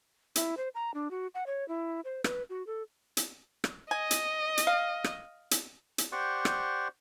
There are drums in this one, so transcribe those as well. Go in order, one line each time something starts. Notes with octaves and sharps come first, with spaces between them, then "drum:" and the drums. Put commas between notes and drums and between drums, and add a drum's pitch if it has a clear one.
E4, drum: hi-hat
C5
A#5
D4
F#4
F#5
C#5
E4
C5
B4, drum: rim click
F#4
A4
drum: hi-hat
drum: rim click
D#5 G#5
drum: hi-hat
drum: hi-hat
F5
drum: rim click
drum: hi-hat
drum: hi-hat
G4 C5 D5 F#5 C#6
drum: rim click